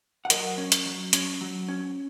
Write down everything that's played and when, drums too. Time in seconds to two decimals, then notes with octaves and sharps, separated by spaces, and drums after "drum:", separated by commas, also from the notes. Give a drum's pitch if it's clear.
0.25 F#5
0.30 F#3 A#4 D#5, drum: hi-hat
0.58 C#4
0.72 drum: hi-hat
0.86 F#3
1.13 C#4, drum: hi-hat
1.41 F#3
1.68 C#4